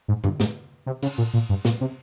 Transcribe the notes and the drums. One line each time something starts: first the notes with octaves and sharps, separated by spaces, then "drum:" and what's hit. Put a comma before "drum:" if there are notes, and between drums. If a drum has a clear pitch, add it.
G#2
G2, drum: tom D3
G#2, drum: snare
C3
C#3, drum: cymbal
A#2
A#2
G2
A#2, drum: snare
C3